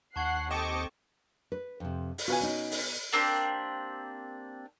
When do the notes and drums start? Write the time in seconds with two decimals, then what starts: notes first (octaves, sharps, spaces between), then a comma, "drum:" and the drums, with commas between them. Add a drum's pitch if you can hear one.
0.16 D#2 F#5 A5 C#6 F#6 G#6 C7
0.51 C4 G4 A4 D#5 C#6 D6 E7
1.52 B4
1.80 F2 C3
2.18 drum: open hi-hat
2.28 B2 F4 B4 G#5
2.41 C#4 D#4
2.71 drum: open hi-hat
3.13 A#3 C4 D4 G4